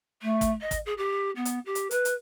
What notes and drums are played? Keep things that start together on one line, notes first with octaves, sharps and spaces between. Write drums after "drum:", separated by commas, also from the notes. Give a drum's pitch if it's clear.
A3
drum: kick, hi-hat
D#5
drum: kick, hi-hat
G#4
G4
B3
drum: hi-hat
G4
drum: hi-hat
B4, drum: hi-hat
drum: hi-hat